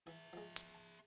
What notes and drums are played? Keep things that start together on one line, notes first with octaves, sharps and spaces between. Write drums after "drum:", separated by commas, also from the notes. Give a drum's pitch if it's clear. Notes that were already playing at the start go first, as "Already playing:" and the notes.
E3 G#4 E5
F3 G#3
drum: hi-hat
A5